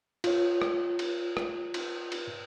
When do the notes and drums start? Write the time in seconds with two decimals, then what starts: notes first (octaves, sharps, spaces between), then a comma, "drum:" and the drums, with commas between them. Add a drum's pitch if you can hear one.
0.24 F4 C#5, drum: cymbal
0.62 drum: rim click
0.99 drum: cymbal
1.37 drum: rim click
1.74 drum: cymbal
2.12 drum: cymbal